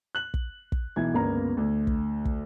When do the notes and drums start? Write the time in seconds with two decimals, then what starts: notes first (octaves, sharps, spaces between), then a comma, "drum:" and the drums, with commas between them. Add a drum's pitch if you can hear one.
0.15 F#6 F#7
0.34 drum: kick
0.72 drum: kick
0.96 B1 E3 G#6
1.14 G1 C#2 A#3 B3 A#5
1.57 D2
1.87 drum: kick
2.25 drum: kick